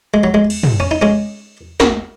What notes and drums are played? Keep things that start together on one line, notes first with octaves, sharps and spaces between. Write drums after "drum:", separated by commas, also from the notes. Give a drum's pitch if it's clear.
G#3
F#3
G#3
drum: cymbal
drum: tom
C#4
D#4
G#3 C#4
F#4 A#4, drum: snare